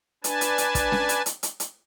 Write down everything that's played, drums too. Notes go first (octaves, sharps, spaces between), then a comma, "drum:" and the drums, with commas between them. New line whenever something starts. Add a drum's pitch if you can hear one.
D4 B4 G#5 A5, drum: hi-hat
drum: hi-hat
drum: hi-hat
drum: kick, hi-hat
drum: snare C#4
drum: hi-hat
drum: hi-hat
drum: hi-hat
drum: hi-hat